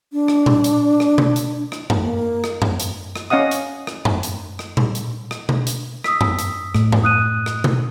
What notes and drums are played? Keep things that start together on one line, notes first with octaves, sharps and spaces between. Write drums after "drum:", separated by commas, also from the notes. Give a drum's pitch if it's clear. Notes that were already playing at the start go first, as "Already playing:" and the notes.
D4
drum: rim click
drum: tom A#2
drum: hi-hat
drum: rim click
drum: tom B2
drum: hi-hat
drum: rim click
drum: tom F#2
A#3
drum: rim click
drum: tom F#2
drum: hi-hat
drum: rim click
C#4 D#5 F5 F#5 D#6
drum: hi-hat
drum: rim click
drum: tom F#2
drum: hi-hat
drum: rim click
drum: tom A#2
drum: hi-hat
drum: rim click
drum: tom B2
drum: hi-hat
D#6 E6 B6, drum: rim click
drum: tom F#2
drum: hi-hat
A2, drum: rim click
drum: tom F#2
D#6 F#6 D#7
drum: rim click
drum: tom B2